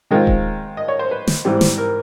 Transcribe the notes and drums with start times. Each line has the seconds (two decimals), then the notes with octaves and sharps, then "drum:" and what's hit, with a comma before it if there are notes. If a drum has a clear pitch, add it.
0.11 D#3 G#3 C4 F4 D#5
0.27 drum: kick D#1
0.77 D#5
0.88 C#5
0.99 C5
1.11 B4
1.27 drum: snare
1.45 G#2 E3 G3 C4
1.61 drum: snare
1.78 A#4